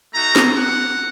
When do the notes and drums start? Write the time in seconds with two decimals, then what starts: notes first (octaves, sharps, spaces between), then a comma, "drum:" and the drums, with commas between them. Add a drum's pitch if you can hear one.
0.13 A3 D#4 F#4 A#5
0.36 drum: snare
0.55 F#5